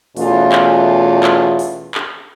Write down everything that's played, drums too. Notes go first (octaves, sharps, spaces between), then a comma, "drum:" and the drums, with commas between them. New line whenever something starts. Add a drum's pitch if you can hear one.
E2 B2 E3 A3 C#4 F4, drum: open hi-hat
drum: clap
drum: clap
drum: open hi-hat
drum: clap